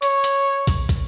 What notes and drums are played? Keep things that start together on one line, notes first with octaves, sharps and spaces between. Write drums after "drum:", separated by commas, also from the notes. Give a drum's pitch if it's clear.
C#5, drum: hi-hat
drum: hi-hat
drum: kick, hi-hat
drum: kick, hi-hat